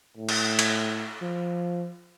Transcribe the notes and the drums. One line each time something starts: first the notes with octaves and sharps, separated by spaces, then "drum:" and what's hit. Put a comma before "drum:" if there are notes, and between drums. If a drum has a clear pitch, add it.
A2
drum: cymbal
drum: cymbal
F3